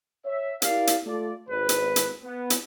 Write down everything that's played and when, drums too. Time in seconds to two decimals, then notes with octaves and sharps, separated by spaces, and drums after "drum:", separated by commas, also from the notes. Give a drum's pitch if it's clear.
0.25 C#5 E5
0.62 E4 G4 A#4 D5 F5, drum: hi-hat
0.87 drum: hi-hat
1.06 A3 F4 A4 D5
1.48 G#1 B4
1.69 drum: hi-hat
1.96 drum: hi-hat
2.23 B3
2.50 drum: hi-hat